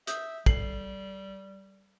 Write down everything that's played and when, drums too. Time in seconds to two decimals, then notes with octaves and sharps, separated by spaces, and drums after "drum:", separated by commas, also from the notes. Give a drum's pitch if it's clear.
0.07 E5 D#6 G6, drum: hi-hat
0.46 G3 A4 C7 F#7, drum: kick